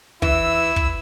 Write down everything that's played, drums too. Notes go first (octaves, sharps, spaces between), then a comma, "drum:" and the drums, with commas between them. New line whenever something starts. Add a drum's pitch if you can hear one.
E3 E4 E6, drum: kick
drum: kick